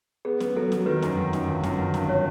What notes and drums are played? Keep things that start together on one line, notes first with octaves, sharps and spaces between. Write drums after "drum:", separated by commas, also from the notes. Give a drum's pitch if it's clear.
B3 G#4
B3, drum: snare C#4
F#3 A4
F#3, drum: snare C#4
D#3 B4
F#2, drum: snare C#4
D#3
F#2, drum: snare C#4
G1
F#2, drum: snare C#4
D#3
G1, drum: snare C#4
C#5